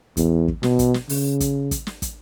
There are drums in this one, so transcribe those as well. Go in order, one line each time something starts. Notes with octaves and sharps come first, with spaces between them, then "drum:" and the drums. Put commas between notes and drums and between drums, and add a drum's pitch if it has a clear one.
E2, drum: kick, hi-hat
drum: kick
B2, drum: snare
drum: kick, hi-hat
drum: snare
C#3, drum: open hi-hat
drum: kick, hi-hat
drum: kick, hi-hat
drum: snare
drum: kick, hi-hat